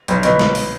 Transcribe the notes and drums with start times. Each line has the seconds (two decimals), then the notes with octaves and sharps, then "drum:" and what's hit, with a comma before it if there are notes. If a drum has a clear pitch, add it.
0.08 B1, drum: hi-hat
0.23 B2, drum: hi-hat
0.39 drum: snare
0.55 drum: open hi-hat